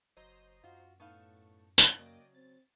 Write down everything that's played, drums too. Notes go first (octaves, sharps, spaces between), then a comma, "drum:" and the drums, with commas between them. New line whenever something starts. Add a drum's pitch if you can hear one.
F#1 F#3 C5 D#5 A#5
F#2 F4 F#4
A2 B3 D#4 F5 A5 C#6
drum: tambourine
C#3 F#3 A#3 D5 D#5 G5
C4 A6